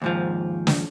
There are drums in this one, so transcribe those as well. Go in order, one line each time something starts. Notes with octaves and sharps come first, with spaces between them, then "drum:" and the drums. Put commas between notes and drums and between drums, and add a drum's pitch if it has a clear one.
D#2 G#2 F3
drum: snare